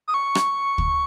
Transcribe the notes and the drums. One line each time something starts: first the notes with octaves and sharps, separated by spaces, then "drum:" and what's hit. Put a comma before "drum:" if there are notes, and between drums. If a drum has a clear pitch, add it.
D#6
C#6
drum: rim click
drum: kick